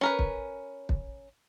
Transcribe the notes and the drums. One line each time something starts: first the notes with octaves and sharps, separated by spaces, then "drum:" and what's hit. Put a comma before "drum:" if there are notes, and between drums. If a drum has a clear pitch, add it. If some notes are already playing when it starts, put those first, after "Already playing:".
C#4 A#4 B4
drum: kick
drum: kick